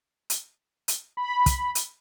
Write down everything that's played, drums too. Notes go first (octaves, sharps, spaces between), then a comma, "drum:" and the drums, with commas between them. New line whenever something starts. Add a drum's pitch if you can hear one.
drum: hi-hat
drum: hi-hat
B5
drum: kick, hi-hat
drum: hi-hat